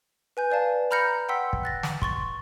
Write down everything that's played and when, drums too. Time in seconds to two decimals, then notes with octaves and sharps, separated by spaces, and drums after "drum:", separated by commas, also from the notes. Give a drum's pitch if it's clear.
0.37 B4 G#5 G6
0.51 B4 D5 F5 A5
0.91 A#5 B5 F6 G6 A#6 C#7
1.29 F#5 G5 C6 E6 B6
1.53 drum: kick
1.63 F#6 A6 A#6
1.83 drum: snare
2.02 C6 C#6 A6, drum: kick